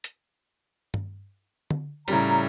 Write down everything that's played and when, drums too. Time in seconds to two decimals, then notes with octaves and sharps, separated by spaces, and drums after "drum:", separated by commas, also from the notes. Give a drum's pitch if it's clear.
0.04 drum: hi-hat
0.94 drum: tom G2
1.71 drum: tom D3
2.08 A2 C#3 G3 A#5, drum: hi-hat